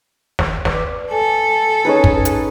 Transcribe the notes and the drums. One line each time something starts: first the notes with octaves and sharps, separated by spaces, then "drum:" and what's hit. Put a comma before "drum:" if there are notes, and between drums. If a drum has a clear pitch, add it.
drum: snare
B4 D5 D6, drum: snare
A4 G#5
C#4 D#4 G#4 B4 G#5
drum: kick
drum: hi-hat